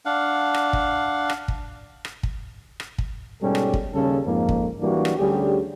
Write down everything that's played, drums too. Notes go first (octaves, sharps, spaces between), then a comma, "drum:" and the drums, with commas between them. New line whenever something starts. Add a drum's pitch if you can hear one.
D4 F5 F#5
drum: rim click
drum: kick
drum: rim click
drum: kick
drum: rim click
drum: kick
drum: rim click
drum: kick
G#2 B2 G3 C#4 G4 A4
drum: rim click
drum: kick
D#2 C#3 G3 C#4 A4
F2 G#2 A#3
drum: kick
E3 F#3 G3 A#3 D4 F#4
drum: rim click
D2 D3 G3 C#4 G4 G#4